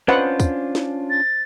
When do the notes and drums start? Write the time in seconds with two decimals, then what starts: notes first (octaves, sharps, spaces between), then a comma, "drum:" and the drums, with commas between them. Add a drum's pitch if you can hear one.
0.08 C#4 D4 F4 B4 C5 D#5 F#5
0.40 drum: kick, tambourine
0.75 drum: snare
1.10 A6